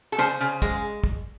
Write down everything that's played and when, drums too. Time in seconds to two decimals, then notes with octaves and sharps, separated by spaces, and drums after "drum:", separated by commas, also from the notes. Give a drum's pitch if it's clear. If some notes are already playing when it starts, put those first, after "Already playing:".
0.12 A4
0.19 C#3 C5, drum: snare
0.41 C#3
0.62 G#3, drum: kick
1.04 drum: kick